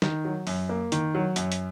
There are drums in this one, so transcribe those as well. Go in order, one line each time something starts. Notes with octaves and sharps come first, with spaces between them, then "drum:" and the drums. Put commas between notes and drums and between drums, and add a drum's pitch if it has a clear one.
D#3, drum: snare
F#3
F#2, drum: open hi-hat
A#3
D#3, drum: hi-hat
F#3
F#2, drum: hi-hat
drum: hi-hat